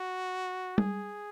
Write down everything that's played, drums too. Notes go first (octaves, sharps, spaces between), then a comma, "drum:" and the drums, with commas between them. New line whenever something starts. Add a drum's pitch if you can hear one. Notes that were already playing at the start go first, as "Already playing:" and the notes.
Already playing: F#4
G#4, drum: tom G3